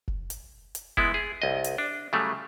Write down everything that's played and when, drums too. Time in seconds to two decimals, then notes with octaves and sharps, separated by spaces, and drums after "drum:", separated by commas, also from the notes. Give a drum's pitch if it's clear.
0.08 drum: kick F1
0.30 drum: hi-hat
0.75 drum: hi-hat
0.97 G#3 B3 E4, drum: kick F1
1.14 G#4
1.42 C2 D#5
1.64 drum: hi-hat
1.78 D4
2.13 C#3 F#3 G3 A3